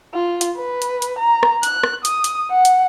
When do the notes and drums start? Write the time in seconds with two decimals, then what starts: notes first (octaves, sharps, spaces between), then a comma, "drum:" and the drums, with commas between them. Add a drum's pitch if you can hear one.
0.14 F4
0.41 drum: hi-hat
0.57 B4
0.82 drum: hi-hat
1.02 drum: hi-hat
1.19 A#5
1.43 drum: rim click
1.63 F#6, drum: hi-hat
1.84 drum: rim click
2.05 D#6, drum: hi-hat
2.24 drum: hi-hat
2.51 F#5
2.65 drum: hi-hat